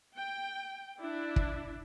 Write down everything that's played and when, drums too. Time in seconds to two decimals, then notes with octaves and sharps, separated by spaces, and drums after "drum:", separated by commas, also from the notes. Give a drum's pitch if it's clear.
0.16 G5
1.00 D4 E4
1.36 drum: kick